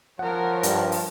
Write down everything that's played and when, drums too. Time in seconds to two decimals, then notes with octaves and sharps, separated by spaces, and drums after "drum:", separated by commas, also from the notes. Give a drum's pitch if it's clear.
0.19 F3 A#4 C#5 F#5
0.63 G2, drum: hi-hat
0.92 drum: open hi-hat